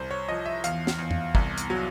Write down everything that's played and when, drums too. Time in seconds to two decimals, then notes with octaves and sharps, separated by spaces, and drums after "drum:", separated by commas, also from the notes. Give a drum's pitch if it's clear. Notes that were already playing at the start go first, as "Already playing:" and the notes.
Already playing: C2 C5
0.11 C#5
0.28 F3 D#5
0.46 E5
0.64 E2 F5, drum: hi-hat
0.87 drum: snare
0.99 E2
1.11 drum: tom F2
1.35 C2, drum: kick
1.58 drum: hi-hat
1.70 F#3